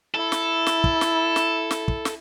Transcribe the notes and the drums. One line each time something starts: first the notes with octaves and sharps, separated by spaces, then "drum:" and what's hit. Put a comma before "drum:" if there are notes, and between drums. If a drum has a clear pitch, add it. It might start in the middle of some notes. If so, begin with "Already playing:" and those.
E4 A4
drum: snare
drum: snare
drum: kick
drum: snare
drum: snare
drum: snare
drum: kick
drum: snare